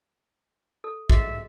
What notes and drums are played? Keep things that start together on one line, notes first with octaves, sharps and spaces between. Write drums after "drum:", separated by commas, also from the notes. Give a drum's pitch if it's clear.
A4
F#4 G#4 D#5 E5, drum: kick